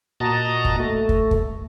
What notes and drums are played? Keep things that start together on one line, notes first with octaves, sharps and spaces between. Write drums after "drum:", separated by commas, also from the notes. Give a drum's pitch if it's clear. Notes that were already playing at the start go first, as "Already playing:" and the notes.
A#2 F#4 D#5 A5 A#5
drum: kick
A3
drum: kick
drum: kick